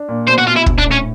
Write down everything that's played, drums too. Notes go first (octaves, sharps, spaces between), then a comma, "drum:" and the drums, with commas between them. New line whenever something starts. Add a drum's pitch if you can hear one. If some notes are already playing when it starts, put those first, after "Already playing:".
Already playing: D4
A#2
B2 C5
F#4
B2 F4
E4
A#1, drum: kick
D4
A2
C#4